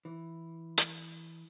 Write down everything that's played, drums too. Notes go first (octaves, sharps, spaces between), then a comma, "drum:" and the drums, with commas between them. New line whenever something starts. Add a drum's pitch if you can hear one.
E3
drum: hi-hat